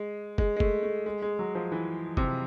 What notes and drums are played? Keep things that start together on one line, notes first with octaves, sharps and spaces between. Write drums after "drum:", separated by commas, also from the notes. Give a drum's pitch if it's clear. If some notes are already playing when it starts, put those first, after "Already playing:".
Already playing: G#3
G#3, drum: kick
G#3
A3, drum: kick
A3
G#3
G#3
F#3
F3
E3
C3, drum: kick